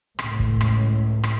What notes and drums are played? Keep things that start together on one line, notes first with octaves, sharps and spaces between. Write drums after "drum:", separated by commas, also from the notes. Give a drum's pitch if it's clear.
C#2 A2, drum: rim click
drum: kick
drum: rim click
drum: rim click